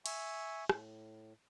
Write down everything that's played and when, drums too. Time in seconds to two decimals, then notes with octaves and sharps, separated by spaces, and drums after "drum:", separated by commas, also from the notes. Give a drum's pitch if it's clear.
0.06 E5 G#5 C#6, drum: cymbal
0.69 A2, drum: rim click